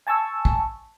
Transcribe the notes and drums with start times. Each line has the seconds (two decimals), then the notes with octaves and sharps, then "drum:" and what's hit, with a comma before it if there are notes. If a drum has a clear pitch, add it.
0.07 G#5 A5 C#6 E6
0.45 drum: kick